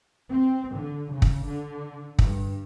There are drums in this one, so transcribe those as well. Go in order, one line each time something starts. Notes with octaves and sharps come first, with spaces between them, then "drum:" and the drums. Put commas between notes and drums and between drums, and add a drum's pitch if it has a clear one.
C4
D3
C#3
drum: kick
D3
G2, drum: kick